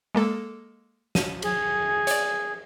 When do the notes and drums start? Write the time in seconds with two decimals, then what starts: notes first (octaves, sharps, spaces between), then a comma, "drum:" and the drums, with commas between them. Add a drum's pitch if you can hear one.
0.15 G#3 A#3 A4
1.15 D#7, drum: snare
1.42 G#4, drum: cymbal
2.07 C#5 D5, drum: hi-hat